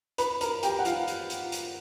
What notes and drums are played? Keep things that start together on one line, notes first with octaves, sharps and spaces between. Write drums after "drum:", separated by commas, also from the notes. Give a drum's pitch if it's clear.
B4 B5, drum: hi-hat
A#4 A#5, drum: hi-hat
G4 G5, drum: hi-hat
F#5
F4 F5, drum: hi-hat
drum: hi-hat
drum: hi-hat
drum: hi-hat